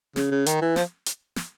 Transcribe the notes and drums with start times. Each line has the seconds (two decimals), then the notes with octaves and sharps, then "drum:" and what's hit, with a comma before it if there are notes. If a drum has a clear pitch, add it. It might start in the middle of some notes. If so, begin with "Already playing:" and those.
0.16 C#3, drum: snare
0.31 C#3
0.46 D#3, drum: hi-hat
0.61 E3
0.76 F3, drum: snare
1.06 drum: hi-hat
1.36 drum: snare